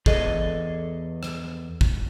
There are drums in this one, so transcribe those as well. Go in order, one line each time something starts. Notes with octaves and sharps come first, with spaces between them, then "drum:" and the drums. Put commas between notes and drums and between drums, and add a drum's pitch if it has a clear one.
E2 G#4 A4 D#5, drum: kick
drum: rim click
drum: kick